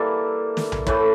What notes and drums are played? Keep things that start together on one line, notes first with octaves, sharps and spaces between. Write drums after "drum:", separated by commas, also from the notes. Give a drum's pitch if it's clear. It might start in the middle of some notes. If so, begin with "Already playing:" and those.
Already playing: E3 G3 A#3 A4
drum: snare
drum: tom B1
A2 E3 A3 B4, drum: kick